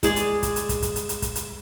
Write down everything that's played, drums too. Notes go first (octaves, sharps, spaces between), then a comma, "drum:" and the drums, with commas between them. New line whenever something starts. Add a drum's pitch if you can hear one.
G#3 G#4 D5, drum: kick, hi-hat
drum: hi-hat
drum: kick, hi-hat
drum: hi-hat
drum: kick, hi-hat
drum: kick, hi-hat
drum: hi-hat
drum: hi-hat
drum: kick, hi-hat
drum: hi-hat